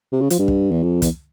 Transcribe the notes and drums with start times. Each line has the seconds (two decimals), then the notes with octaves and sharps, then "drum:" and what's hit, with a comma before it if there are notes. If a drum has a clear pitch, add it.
0.12 C3
0.21 C#3
0.30 F3, drum: hi-hat
0.39 G2
0.48 drum: kick
0.71 E2
0.83 F2
1.02 E2, drum: kick, hi-hat